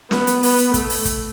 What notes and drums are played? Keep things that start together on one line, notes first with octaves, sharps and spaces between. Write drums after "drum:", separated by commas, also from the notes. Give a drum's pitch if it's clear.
B3, drum: snare
drum: hi-hat
B3, drum: open hi-hat
drum: hi-hat
A3, drum: kick, hi-hat
drum: open hi-hat
drum: kick, hi-hat